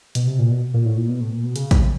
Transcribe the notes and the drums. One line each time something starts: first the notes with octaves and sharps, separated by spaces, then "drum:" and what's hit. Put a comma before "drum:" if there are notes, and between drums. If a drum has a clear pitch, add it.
B2, drum: hi-hat
C3
A#2
B2
A#2
A2
A#2
B2
A2
A#2
B2
C#3, drum: hi-hat
drum: kick, hi-hat